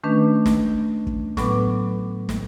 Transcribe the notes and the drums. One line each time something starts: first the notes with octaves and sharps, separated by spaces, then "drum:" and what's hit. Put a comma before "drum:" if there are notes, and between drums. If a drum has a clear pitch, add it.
D#3 A3 C#4 D4 B4
drum: snare
drum: kick
A2 F#3 B3 B4 D6, drum: snare
drum: snare